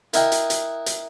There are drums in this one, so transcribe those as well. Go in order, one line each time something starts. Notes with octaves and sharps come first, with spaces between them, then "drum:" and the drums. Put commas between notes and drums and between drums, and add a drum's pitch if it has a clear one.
E4 A#4 D#5 F#5 G5, drum: hi-hat
drum: hi-hat
drum: hi-hat
drum: hi-hat